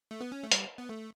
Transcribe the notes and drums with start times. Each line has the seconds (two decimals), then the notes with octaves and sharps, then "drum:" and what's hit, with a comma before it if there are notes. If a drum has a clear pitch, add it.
0.11 A3
0.21 B3
0.32 C#4
0.43 A3
0.51 G3, drum: hi-hat
0.78 B3
0.89 A3